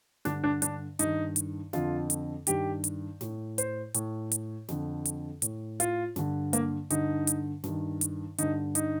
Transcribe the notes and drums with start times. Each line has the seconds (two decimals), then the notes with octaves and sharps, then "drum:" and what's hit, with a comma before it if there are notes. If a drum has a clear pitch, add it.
0.25 G2 D3 D4, drum: snare
0.44 D4
0.62 D4, drum: hi-hat
0.99 G2 D#3 D#4, drum: hi-hat
1.36 drum: hi-hat
1.73 F2 D3 F4, drum: snare
2.10 drum: hi-hat
2.47 G2 D#3 G4, drum: hi-hat
2.84 drum: hi-hat
3.21 A2, drum: snare
3.58 C5, drum: hi-hat
3.94 A2, drum: hi-hat
4.32 drum: hi-hat
4.68 F2 D3, drum: snare
5.05 drum: hi-hat
5.42 A2, drum: hi-hat
5.80 F4, drum: hi-hat
6.16 G2 D3, drum: snare
6.53 A#3, drum: hi-hat
6.90 G2 D3 D#4, drum: hi-hat
7.27 drum: hi-hat
7.64 G2 D#3, drum: snare
8.01 drum: hi-hat
8.38 G2 D3 D#4, drum: hi-hat
8.75 D#4, drum: hi-hat